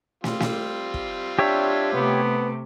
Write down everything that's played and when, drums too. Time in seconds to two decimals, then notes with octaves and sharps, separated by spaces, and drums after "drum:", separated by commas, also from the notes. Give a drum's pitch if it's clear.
0.24 G3 C4 F4, drum: snare
0.40 drum: snare
0.94 drum: kick
1.39 D4 G4 C#5 E5
1.94 C3 A3 B3